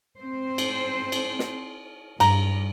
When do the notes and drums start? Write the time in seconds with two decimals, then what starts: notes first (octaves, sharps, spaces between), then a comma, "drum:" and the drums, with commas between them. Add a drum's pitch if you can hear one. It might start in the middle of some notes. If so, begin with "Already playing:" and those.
0.19 C4 C5
0.58 drum: cymbal
1.12 drum: cymbal
1.39 drum: snare
2.20 G2 A#5, drum: cymbal